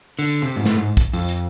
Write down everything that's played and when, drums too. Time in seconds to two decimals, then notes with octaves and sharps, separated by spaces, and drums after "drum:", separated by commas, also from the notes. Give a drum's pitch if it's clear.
0.19 D3, drum: open hi-hat
0.42 C3
0.56 G#2
0.66 A2, drum: snare
0.77 G#2
0.97 drum: kick, hi-hat
1.13 F2, drum: open hi-hat
1.29 drum: hi-hat